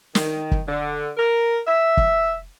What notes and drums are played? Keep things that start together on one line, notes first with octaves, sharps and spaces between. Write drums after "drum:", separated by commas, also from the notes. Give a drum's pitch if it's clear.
D#3, drum: snare
drum: kick
D3
A#4
E5
drum: kick